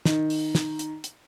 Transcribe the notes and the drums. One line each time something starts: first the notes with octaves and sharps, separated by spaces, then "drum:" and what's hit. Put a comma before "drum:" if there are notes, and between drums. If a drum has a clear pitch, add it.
D#3, drum: snare
drum: open hi-hat
drum: snare
drum: hi-hat
drum: hi-hat